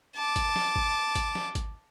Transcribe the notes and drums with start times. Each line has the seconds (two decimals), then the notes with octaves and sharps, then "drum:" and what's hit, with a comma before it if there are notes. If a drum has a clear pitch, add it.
0.16 A5 D6
0.36 drum: kick G#1, hi-hat
0.56 drum: snare
0.76 drum: kick G#1
1.15 drum: kick G#1, hi-hat
1.35 drum: snare
1.55 drum: kick G#1, hi-hat